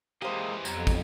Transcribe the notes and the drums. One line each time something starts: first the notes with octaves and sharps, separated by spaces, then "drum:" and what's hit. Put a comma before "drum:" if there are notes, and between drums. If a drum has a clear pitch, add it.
E3 G#3 A#3 G4 C5 D#5
B1 F2 C#5 A#5, drum: tambourine
drum: kick, tambourine